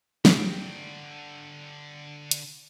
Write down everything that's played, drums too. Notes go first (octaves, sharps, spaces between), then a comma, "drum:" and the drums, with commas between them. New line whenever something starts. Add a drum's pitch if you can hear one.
D3 G5, drum: snare
drum: hi-hat